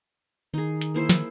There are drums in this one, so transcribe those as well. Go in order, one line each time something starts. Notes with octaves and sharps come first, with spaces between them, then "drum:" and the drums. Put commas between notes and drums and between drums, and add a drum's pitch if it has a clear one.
D#3 D#4 G#4
drum: hi-hat
A#3 E4 C5
drum: snare